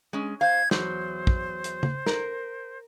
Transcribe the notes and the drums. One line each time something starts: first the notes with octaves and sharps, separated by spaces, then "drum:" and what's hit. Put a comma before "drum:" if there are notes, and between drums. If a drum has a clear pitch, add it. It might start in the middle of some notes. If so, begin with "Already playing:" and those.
G#3 C#4
C5 F5 G#6
E2 F#3 C5, drum: snare
drum: kick
drum: hi-hat
drum: tom
A#4, drum: snare